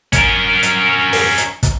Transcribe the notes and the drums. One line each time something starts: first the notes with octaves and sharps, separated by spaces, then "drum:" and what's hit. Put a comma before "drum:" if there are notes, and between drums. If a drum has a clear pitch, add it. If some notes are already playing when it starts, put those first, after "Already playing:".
C#4 A#4, drum: kick, hi-hat
drum: hi-hat
drum: open hi-hat
drum: hi-hat
drum: kick, hi-hat